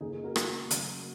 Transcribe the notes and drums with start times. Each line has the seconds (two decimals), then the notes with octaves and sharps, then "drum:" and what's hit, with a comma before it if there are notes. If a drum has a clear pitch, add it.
0.01 C#3 A#3 D#4 G#4
0.12 D#4 G#4
0.24 F#4 A#4
0.36 F#4, drum: rim click
0.71 C#3 F#3 A#3, drum: hi-hat